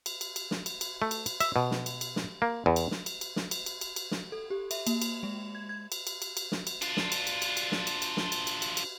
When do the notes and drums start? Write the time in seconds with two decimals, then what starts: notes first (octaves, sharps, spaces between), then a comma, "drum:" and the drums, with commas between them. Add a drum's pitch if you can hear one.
0.06 drum: cymbal
0.21 drum: cymbal
0.36 drum: cymbal
0.51 drum: snare
0.66 drum: cymbal
0.81 drum: cymbal
1.02 A3
1.11 drum: cymbal
1.26 drum: cymbal
1.40 E5, drum: cymbal
1.56 B2
1.71 drum: snare
1.86 drum: cymbal
2.01 drum: cymbal
2.16 drum: snare
2.42 A#3
2.66 E2
2.76 drum: cymbal
2.91 drum: snare
3.06 drum: cymbal
3.21 drum: cymbal
3.36 drum: snare
3.51 drum: cymbal
3.66 drum: cymbal
3.81 drum: cymbal
3.96 drum: cymbal
4.11 drum: snare
4.32 A4
4.50 G4
4.71 E5, drum: cymbal
4.87 A#3, drum: cymbal
5.02 drum: cymbal
5.23 G#3
5.55 G#6
5.69 G#6
5.92 drum: cymbal
6.07 drum: cymbal
6.22 drum: cymbal
6.37 drum: cymbal
6.52 drum: snare
6.67 drum: cymbal
6.82 D4 F4, drum: cymbal
6.97 drum: snare
7.12 drum: cymbal
7.27 drum: cymbal
7.42 drum: cymbal
7.57 drum: cymbal
7.72 drum: snare
7.87 drum: cymbal
8.02 drum: cymbal
8.17 drum: snare
8.32 drum: cymbal
8.47 drum: cymbal
8.62 drum: cymbal
8.77 drum: cymbal